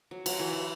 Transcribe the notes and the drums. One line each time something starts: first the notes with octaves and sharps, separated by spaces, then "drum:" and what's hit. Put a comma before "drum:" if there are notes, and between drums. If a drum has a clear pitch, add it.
F#3
F#3, drum: cymbal
E3